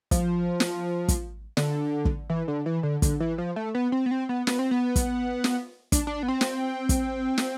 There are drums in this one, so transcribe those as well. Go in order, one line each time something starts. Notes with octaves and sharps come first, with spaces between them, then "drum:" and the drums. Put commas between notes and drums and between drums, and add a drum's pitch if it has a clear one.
F3, drum: kick, hi-hat
drum: snare
drum: kick, hi-hat
D3, drum: snare
drum: kick
E3
D3
E3
D3
D3, drum: kick, hi-hat
E3
F3
A3
B3
C4
B3
C4
B3
B3, drum: snare
C4
B3
drum: kick, hi-hat
drum: snare
D4, drum: kick, hi-hat
D4
B3
C4
drum: snare
drum: kick, hi-hat
drum: snare